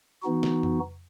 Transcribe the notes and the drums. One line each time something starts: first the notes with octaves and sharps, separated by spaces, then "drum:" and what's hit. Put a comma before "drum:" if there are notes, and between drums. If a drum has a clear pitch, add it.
E3 B3 D#4 F#4
drum: snare
drum: tom F2